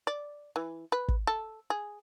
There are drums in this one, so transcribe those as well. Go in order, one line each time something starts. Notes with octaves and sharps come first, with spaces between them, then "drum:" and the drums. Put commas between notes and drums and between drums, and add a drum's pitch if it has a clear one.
D5
E3
B4
drum: kick
A4
G#4